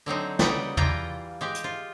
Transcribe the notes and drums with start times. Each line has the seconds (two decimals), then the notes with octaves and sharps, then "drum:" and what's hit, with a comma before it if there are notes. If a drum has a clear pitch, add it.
0.06 D3 F#3 C4 D#4
0.39 C#3 G3 B3 D#4 F#5 G5, drum: snare
0.77 E3 G3 F4 G5 A#5, drum: tom
1.41 G#3 G4
1.55 drum: hi-hat
1.64 F4